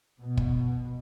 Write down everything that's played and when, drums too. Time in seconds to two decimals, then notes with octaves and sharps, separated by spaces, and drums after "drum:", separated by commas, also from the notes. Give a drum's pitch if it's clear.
0.21 B2
0.37 drum: kick